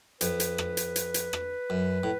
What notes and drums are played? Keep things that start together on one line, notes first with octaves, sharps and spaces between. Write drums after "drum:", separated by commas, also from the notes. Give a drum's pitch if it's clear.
F2 B4, drum: hi-hat
drum: hi-hat
drum: rim click
drum: hi-hat
drum: hi-hat
drum: hi-hat
drum: rim click
F#2
A2